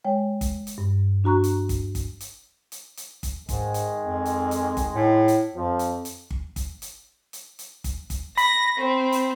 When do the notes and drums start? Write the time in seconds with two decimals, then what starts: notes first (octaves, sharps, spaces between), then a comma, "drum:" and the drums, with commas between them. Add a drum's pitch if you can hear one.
0.05 G#3 C#5 G5
0.41 drum: kick G1, hi-hat
0.67 drum: hi-hat
0.78 G2
1.24 D4 F#4 A#5 C#6 F#6
1.44 drum: hi-hat
1.69 drum: kick G1, hi-hat
1.95 drum: kick G1, hi-hat
2.20 drum: hi-hat
2.72 drum: hi-hat
2.97 drum: hi-hat
3.23 drum: kick G1, hi-hat
3.49 G#2 D#3 G#3, drum: kick G1, hi-hat
3.74 drum: hi-hat
4.04 F2
4.26 drum: hi-hat
4.51 drum: hi-hat
4.77 drum: kick G1, hi-hat
4.95 A2
5.28 drum: hi-hat
5.55 F2 F3
5.79 drum: hi-hat
6.05 drum: hi-hat
6.31 drum: kick G1
6.56 drum: kick G1, hi-hat
6.82 drum: hi-hat
7.33 drum: hi-hat
7.59 drum: hi-hat
7.84 drum: kick G1, hi-hat
8.10 drum: kick G1, hi-hat
8.37 B5 A#6, drum: hi-hat
8.78 C4
9.12 drum: hi-hat